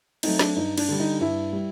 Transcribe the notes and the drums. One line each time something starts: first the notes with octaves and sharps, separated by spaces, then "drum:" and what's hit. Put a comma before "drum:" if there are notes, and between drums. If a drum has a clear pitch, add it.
F#3 A3 C4 D#4, drum: cymbal
D4, drum: snare
G2 D#4
D4, drum: cymbal
D3 G3
D#4
G2 E4
G3